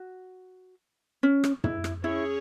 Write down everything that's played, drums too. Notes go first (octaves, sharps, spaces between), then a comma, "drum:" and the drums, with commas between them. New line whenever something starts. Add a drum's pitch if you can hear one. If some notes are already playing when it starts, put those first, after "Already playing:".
Already playing: F#4
C#4
drum: rim click
E4, drum: tom
drum: rim click
C#4 E4 G#4 C#5